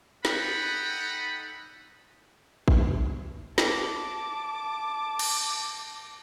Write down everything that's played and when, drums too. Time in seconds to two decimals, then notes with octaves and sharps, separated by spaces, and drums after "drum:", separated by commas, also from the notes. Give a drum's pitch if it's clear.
0.25 D#4 A4 F#5 G5 B5, drum: snare
2.68 drum: kick
3.58 A5 D6, drum: snare
5.19 drum: cymbal